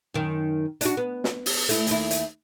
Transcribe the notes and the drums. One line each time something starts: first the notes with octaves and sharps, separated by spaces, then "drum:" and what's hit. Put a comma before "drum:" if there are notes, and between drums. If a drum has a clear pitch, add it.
F#2 D#3
D4 D#4 F#4, drum: hi-hat
B3
drum: snare
drum: open hi-hat
A3 E4, drum: hi-hat
D#2 E4, drum: hi-hat
drum: hi-hat